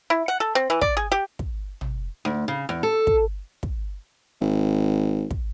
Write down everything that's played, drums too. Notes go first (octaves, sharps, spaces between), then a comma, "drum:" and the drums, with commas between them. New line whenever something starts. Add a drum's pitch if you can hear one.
E4
F#5
A4
C4
E3
D5, drum: kick
G#4
G4
drum: kick
drum: tom
D2
C#3
E2
A4
drum: kick
drum: kick
G#1
drum: kick